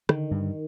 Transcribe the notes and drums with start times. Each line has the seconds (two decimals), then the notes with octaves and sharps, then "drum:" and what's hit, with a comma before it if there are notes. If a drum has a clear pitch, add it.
0.09 D3 D#3, drum: rim click
0.31 G2